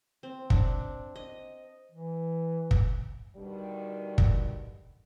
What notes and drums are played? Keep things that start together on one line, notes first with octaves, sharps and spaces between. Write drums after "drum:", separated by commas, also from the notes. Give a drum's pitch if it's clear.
C4
D4, drum: kick
D#5
E3
drum: kick
B2 D3 D#3 G3
drum: kick